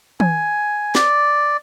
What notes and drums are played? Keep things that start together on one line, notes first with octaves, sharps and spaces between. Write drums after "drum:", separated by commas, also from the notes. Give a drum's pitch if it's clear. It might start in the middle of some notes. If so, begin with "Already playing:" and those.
G#5, drum: tom
D5, drum: snare